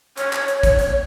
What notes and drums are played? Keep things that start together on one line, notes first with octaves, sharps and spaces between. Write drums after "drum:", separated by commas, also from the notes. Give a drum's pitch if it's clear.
C#5, drum: hi-hat
drum: clap
drum: hi-hat
drum: kick A1, hi-hat
drum: hi-hat